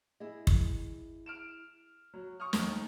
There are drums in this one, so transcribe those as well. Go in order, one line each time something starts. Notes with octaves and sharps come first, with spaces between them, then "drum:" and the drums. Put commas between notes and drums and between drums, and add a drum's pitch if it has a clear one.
E4 G#4 D#5
drum: kick
F6 D7 E7
F#3
C#6 D#6 F6
D#2 A3 D#4 A#4, drum: snare